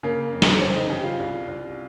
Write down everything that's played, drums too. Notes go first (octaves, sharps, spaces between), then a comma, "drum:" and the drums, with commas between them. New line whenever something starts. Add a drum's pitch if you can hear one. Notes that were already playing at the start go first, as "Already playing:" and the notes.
C#3 A#3
F2
drum: snare
C#4
C#3 C4
D#4
C#3 G4
G4
F4
C2
C2